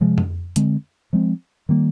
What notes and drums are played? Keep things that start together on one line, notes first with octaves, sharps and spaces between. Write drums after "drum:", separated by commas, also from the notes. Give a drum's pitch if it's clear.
C3 F3 G#3
drum: tom F2
D3 G#3 C4, drum: hi-hat
F3 G#3 C4
D#3 G3 A#3